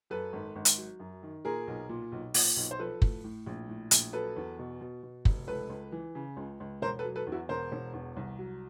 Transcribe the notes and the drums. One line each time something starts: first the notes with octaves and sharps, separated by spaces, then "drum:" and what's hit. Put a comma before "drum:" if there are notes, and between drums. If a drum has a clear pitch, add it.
F#2 A4 B4
G#1
G#1
drum: hi-hat
F#3
F#2
D#3
A#2 G#4 A#4
B1
A#2
B1
A#2, drum: open hi-hat
B1
C5
F3 A4 B4
A2, drum: kick
A2
A#1
A2
A#1, drum: hi-hat
F#3 A4 B4
E2
B2
B2
B2
F1, drum: kick
C#2 A4 B4
C#2
E3
C#3
C#2
C#2
E1 A#4 C5
A4 B4
F#3
A4 B4
E2
E4 F#4
E1 A#4 C5
E1
E2
C2
F#3